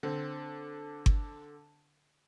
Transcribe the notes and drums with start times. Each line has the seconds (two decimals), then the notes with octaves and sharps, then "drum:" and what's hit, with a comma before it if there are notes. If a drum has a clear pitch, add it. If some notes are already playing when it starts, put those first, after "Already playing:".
0.03 D3 C4
1.06 drum: kick G1